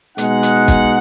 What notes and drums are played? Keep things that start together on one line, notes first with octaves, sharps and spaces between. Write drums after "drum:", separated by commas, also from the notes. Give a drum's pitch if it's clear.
B2 G#3 D#4 F#5, drum: hi-hat
drum: hi-hat
drum: kick, hi-hat